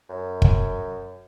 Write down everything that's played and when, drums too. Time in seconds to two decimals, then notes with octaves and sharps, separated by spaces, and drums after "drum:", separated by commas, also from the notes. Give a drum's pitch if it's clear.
0.09 F#2
0.42 drum: kick